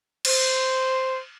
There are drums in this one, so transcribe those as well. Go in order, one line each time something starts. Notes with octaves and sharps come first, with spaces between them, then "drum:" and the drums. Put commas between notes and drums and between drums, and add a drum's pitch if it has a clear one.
C5, drum: cymbal